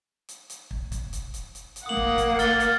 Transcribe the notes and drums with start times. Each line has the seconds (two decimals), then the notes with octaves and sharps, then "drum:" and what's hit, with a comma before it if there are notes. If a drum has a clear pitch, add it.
0.29 drum: hi-hat
0.50 drum: hi-hat
0.71 drum: kick
0.92 drum: kick, hi-hat
1.13 drum: hi-hat
1.34 drum: hi-hat
1.55 drum: hi-hat
1.76 drum: hi-hat
1.86 A#3 F#5 D#6 F#7
1.97 drum: kick
2.18 drum: kick, hi-hat
2.39 F6 A6 G7, drum: hi-hat
2.60 drum: hi-hat